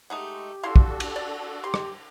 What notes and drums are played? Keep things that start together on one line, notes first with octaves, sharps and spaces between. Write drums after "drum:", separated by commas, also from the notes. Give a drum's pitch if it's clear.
G#3 A3 D#4 G4 F#5
D4 E4 F#4 A4 F5 C6
drum: kick
drum: cymbal
D5
G4 C6
drum: rim click